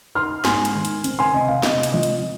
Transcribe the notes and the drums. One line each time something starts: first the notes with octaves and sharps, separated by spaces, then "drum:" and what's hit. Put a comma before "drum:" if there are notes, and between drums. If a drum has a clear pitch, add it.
D#4 C6 F6
G#2 G#5 C6, drum: snare
drum: hi-hat
D#3
drum: hi-hat
C4, drum: hi-hat
G#5 C6
C3 D#5
F5
C3 D#5, drum: snare
drum: hi-hat
F3 D#5
drum: hi-hat